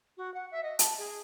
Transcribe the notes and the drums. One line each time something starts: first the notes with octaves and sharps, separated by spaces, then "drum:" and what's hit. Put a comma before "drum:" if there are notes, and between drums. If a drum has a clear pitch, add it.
F#4
F#5
E5
D#5
A5, drum: hi-hat
G#4